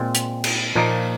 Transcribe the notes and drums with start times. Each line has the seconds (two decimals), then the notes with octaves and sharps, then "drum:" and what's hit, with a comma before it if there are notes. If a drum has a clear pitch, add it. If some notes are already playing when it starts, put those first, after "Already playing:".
Already playing: A#2 G#3 C4
0.15 drum: hi-hat
0.44 drum: cymbal
0.76 A#2 F3 A#3 D#4